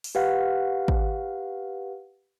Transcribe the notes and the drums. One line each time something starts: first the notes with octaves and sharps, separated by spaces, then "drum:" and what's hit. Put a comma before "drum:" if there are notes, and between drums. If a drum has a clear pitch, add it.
drum: open hi-hat
G4 B4 F5 F#5
drum: kick